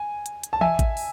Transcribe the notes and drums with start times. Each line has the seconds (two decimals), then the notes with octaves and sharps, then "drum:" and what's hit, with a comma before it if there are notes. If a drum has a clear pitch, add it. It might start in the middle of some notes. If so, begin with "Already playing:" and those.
Already playing: G#5
0.26 drum: hi-hat
0.43 drum: hi-hat
0.53 A5
0.61 E5 G#5, drum: tom E3
0.79 drum: kick A1, hi-hat
0.97 drum: open hi-hat